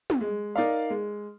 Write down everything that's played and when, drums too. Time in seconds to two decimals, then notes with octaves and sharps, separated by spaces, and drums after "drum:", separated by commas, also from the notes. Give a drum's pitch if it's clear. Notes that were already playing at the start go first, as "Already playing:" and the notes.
0.10 drum: tom
0.21 G#3
0.56 D#4 A#4 D5 F5
0.90 G#3